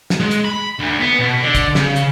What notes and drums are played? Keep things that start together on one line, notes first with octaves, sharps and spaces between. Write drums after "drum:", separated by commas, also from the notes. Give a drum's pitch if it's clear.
drum: snare
G#3
drum: hi-hat
B5
D2
B3
B2
D3
drum: kick, hi-hat
C#3, drum: snare
drum: hi-hat